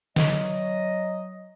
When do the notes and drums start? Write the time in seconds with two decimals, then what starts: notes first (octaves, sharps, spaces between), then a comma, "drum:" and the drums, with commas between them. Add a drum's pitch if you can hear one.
0.16 F#3 D#5, drum: snare